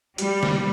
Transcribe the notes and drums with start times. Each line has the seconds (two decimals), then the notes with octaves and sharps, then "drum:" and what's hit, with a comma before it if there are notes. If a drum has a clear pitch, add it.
0.18 G3, drum: hi-hat
0.43 drum: snare